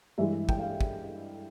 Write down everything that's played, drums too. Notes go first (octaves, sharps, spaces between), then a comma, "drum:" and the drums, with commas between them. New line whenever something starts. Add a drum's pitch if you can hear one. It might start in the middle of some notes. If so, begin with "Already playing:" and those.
G2 E3 G#3 E5
G5, drum: kick
F5
drum: kick